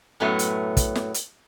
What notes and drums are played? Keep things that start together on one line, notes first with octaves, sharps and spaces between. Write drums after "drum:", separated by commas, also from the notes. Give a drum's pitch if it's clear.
F#2 A2 F#3 A3 B3
drum: hi-hat
drum: kick, hi-hat
drum: snare
drum: hi-hat